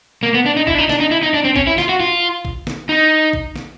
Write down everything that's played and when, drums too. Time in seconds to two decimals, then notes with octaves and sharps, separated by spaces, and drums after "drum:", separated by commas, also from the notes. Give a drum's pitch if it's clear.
0.23 A#3
0.34 B3
0.46 D4
0.57 D#4
0.67 E4, drum: kick
0.75 D4
0.79 D#4
0.89 D4, drum: snare
1.00 D#4
1.11 E4
1.23 D#4
1.34 D4
1.45 C4
1.56 C#4, drum: kick
1.67 E4
1.78 F4, drum: snare
1.89 F#4
2.00 F4
2.45 drum: kick
2.67 drum: snare
2.89 D#4
3.33 drum: kick
3.56 drum: snare